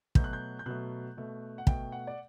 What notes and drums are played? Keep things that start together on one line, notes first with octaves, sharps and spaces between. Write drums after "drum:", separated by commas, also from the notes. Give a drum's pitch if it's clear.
B2 F#3 A3 G6, drum: kick
F#6
G6
G6
B2 F#3 A3 F#6
B2 A3
F#5
B2 A3 G5, drum: kick
F#5
D5